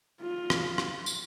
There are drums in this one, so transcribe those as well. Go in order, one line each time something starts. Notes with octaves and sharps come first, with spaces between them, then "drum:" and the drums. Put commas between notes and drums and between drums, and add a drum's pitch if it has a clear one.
F4
drum: rim click
drum: rim click
drum: tambourine